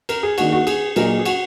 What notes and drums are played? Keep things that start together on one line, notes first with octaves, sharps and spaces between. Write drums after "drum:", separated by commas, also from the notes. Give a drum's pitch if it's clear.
A#4, drum: cymbal
G#4
D#3 A#3 D4 F#4 G#4, drum: cymbal
F#4
G#4, drum: cymbal
A#2 F#3 D4 G#4 A#4 D#5, drum: cymbal
G#4
F#4, drum: cymbal